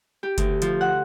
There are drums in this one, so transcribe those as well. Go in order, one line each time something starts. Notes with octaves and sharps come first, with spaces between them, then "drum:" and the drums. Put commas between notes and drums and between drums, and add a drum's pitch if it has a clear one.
G4
D2, drum: kick F#1, hi-hat
F3, drum: hi-hat
F#5